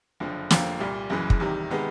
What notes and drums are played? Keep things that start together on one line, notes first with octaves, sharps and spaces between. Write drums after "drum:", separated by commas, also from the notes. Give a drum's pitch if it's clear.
F#1 F2 D3 F3
F1 F2 D3 F3 A#3, drum: snare
C2 A#2 G3
F#1 F#2 C#3 E3
drum: kick
E2 C3 D#3 G3
C3 D#3 G#3 B3